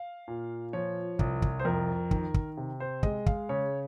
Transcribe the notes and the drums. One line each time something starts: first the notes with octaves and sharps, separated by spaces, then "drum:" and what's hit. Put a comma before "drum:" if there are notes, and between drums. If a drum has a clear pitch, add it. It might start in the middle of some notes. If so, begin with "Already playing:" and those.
Already playing: F5
A#2
F3 C#5
C2, drum: kick
drum: kick
C5
F2 A#4
D#3, drum: kick
drum: kick
C3
C5
G#3 D#5, drum: kick
F5, drum: kick
C#3 C#5